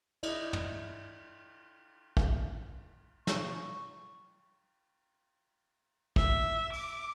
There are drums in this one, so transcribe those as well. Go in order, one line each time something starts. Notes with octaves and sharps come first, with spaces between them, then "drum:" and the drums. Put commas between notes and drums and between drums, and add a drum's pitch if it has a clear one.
E4 D5 D#5, drum: cymbal
drum: tom
drum: kick
C#6, drum: snare
E5, drum: kick
D6, drum: open hi-hat